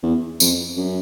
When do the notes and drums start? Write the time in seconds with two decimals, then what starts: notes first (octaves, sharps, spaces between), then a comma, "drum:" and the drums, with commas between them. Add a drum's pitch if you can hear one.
0.03 E2
0.40 F2, drum: tambourine
0.76 F#2